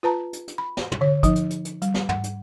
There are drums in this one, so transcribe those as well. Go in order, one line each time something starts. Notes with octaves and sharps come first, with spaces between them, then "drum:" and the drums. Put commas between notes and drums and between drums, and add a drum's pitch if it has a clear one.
F4 B4 A5 A#5
drum: hi-hat
drum: hi-hat
B5
drum: snare
drum: tom
D3 C#5
F3 D#4, drum: kick, hi-hat
drum: hi-hat
drum: hi-hat
drum: hi-hat
G3, drum: hi-hat
drum: snare
F#5, drum: tom
drum: hi-hat